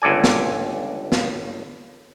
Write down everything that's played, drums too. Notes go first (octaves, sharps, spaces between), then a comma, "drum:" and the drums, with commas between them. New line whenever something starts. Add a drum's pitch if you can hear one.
G1 C#2 A4 D5 G#5
drum: snare
drum: snare